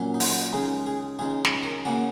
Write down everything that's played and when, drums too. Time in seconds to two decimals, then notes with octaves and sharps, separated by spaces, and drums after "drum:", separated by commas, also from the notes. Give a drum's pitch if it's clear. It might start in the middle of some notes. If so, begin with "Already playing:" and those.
Already playing: A#2 F#3 C#4
0.14 D#4
0.20 F#4, drum: open hi-hat
0.52 C#2 C#3 G#3 D#4 G#4
0.86 G#4
1.19 C#2 C#3 G#3 D#4 G#4
1.45 drum: snare
1.63 A#4
1.85 C#3 A#3 C#4 F#4